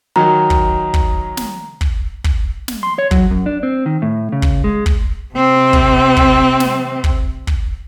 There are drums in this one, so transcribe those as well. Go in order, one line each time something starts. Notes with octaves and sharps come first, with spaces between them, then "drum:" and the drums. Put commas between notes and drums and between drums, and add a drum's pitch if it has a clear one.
D#3 F#3 D#4 A#5
drum: kick
drum: kick
drum: snare
drum: kick
drum: kick
drum: snare
C6
C#5
F#3, drum: kick
F#2
D4
C4
D#3
A2
C#3
drum: kick
G#3
drum: kick
C3 C4
drum: kick
drum: kick
drum: snare
drum: kick
drum: kick